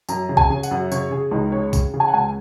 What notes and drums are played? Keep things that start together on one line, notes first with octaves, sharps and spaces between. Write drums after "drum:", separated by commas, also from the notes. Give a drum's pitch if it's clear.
F#2 A#5, drum: tambourine
C#3
G#5, drum: kick B1
C#3
F#5, drum: tambourine
F#2
C#3 C#5, drum: tambourine
C#3 G#4
C#2 D#4
C#3 C#5
C#3, drum: kick B1, tambourine
C#3
G#5
F#5
C#2 G#5